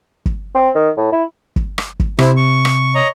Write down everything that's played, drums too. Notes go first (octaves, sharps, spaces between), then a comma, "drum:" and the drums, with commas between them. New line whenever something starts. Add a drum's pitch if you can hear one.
drum: kick
C4
D#3
A2
E4
drum: kick
drum: rim click
drum: kick
C3 C4 E4, drum: rim click
C#6
drum: rim click
C#5 D#5 A#5